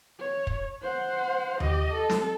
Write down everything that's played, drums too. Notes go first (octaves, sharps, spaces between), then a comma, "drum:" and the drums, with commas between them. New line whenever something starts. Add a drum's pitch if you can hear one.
C#5
drum: kick
C5 F#5
G4 D#5, drum: tom D#2
A4
drum: snare